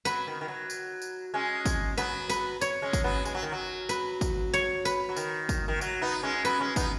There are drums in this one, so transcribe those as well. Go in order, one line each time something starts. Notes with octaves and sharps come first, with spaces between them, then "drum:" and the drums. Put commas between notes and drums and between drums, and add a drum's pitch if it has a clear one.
F#3 B4, drum: tambourine
D#3
D#3
F#3
drum: tambourine
drum: tambourine
G#3 C#4
drum: kick, tambourine
F#3 B3 B4, drum: tambourine
B4, drum: tambourine
C#5, drum: tambourine
G#3 C#4
drum: kick, tambourine
F#3 B3
G#3, drum: tambourine
F#3
D#3
F#3
B4, drum: tambourine
drum: kick, tambourine
C#5, drum: tambourine
B4, drum: tambourine
F#3
D#3, drum: tambourine
drum: kick, tambourine
D#3
F#3, drum: tambourine
B3 D#4
G#3 C#4
F#3 B3 B4, drum: tambourine
G#3 C#4
B3 D#4, drum: kick, tambourine